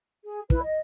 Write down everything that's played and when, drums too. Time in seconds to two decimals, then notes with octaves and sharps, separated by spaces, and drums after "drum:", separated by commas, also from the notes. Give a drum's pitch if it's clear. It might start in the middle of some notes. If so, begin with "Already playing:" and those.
0.25 G#4
0.50 E4 B4, drum: kick
0.62 D#5